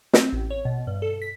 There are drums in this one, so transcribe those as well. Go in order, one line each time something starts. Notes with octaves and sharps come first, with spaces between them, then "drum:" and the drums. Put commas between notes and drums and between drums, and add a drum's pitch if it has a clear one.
C4, drum: snare
A1
C#5
B2
G2
A4
B6